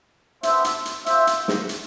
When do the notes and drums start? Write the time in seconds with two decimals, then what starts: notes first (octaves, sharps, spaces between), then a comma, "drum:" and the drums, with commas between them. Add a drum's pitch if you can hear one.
0.43 B3 D4 G4 C5 E5, drum: hi-hat
0.64 drum: hi-hat
0.85 drum: hi-hat
1.06 C4 F4 C5 E5, drum: hi-hat
1.27 drum: hi-hat
1.48 drum: snare
1.69 drum: hi-hat